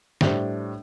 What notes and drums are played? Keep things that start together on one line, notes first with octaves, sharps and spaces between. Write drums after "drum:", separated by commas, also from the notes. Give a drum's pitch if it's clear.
A2 G3 D4 C5, drum: snare